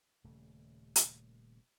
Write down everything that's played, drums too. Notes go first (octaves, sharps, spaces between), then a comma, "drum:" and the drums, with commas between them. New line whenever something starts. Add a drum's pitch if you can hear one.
D#1 C#3 A3
drum: hi-hat